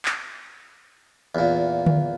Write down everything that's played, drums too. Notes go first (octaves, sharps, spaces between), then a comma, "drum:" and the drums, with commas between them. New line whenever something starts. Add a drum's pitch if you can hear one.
drum: clap
E2 A#2
drum: tom D3